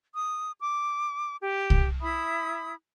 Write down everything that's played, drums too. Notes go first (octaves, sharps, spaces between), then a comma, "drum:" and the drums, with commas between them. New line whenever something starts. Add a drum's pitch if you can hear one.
D#6
D6
G4
drum: kick C2
E4 E5 B5 D#6